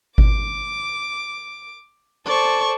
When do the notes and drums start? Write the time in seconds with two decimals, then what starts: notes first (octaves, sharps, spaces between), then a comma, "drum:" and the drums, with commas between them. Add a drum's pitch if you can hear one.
0.18 D6, drum: kick G#1
2.26 A4 C5 D5 C#6